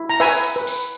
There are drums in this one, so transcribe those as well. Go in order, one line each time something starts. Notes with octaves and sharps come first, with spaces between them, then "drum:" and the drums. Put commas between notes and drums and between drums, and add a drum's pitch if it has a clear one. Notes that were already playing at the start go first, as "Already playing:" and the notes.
Already playing: E4
A#5
B4 E5 G#5, drum: tambourine
drum: tambourine
B4
drum: tambourine